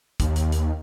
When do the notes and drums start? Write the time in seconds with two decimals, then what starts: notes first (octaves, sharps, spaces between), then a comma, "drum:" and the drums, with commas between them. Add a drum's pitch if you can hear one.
0.20 D#2, drum: kick, hi-hat
0.36 drum: hi-hat
0.52 drum: hi-hat